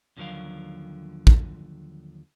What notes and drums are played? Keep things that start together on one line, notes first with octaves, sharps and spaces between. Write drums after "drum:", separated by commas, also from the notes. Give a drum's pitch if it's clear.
D#2 D3 F3 F#3 A#4 F5
drum: kick